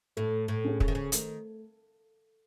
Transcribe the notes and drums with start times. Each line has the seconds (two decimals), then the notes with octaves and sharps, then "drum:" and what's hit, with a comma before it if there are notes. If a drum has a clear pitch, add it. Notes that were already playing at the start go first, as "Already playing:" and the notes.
0.17 A2 A3
0.48 A2
0.65 C#4 G#4
0.80 C#3, drum: kick
0.88 D#3
0.95 C#3
1.12 D#3 A3, drum: hi-hat